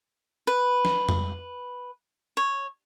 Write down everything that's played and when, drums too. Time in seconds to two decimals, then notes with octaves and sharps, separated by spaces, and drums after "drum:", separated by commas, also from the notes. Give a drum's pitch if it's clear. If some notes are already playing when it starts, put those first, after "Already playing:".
0.47 B4
0.85 drum: snare
1.09 drum: tom F2
2.37 C#5